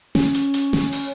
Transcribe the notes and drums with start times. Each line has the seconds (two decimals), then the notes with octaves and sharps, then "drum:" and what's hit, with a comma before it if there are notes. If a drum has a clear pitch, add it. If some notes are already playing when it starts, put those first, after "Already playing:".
0.15 C#4, drum: snare
0.34 drum: hi-hat
0.54 drum: hi-hat
0.73 drum: snare
0.92 drum: open hi-hat